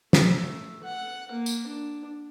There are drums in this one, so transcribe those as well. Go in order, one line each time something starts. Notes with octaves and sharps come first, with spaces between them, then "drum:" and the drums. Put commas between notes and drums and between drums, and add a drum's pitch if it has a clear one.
A3, drum: snare
F#5
A#3
drum: tambourine
D4